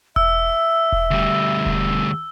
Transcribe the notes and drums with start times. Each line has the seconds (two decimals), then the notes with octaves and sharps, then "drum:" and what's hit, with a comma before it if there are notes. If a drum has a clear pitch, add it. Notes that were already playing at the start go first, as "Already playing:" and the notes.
0.16 E5 E6, drum: kick E1
0.92 drum: kick E1
1.11 D2 G3
1.66 drum: kick E1